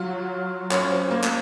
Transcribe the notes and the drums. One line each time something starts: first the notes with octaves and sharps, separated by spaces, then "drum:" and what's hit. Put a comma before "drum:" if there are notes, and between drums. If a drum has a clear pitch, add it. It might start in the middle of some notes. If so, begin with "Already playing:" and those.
Already playing: F#3 F4
C#4, drum: clap
C4
A#3
drum: clap